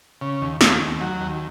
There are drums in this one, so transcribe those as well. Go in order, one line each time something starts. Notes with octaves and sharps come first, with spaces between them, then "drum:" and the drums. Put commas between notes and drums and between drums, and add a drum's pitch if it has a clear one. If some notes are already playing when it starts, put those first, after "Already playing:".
C#3
D#2
D#2, drum: snare
D#2
F#3
D#2